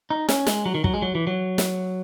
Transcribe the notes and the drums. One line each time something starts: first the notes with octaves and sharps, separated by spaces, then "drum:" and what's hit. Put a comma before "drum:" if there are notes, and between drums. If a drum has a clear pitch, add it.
D#4
C#4, drum: snare
G#3, drum: snare
F#3
D#3
F#3, drum: kick
G#3
F#3
E3
F#3
drum: snare